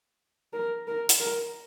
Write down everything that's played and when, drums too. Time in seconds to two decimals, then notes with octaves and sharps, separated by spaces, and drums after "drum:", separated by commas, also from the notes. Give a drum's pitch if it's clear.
0.53 A#4
0.87 A#4
1.09 drum: hi-hat
1.20 A#4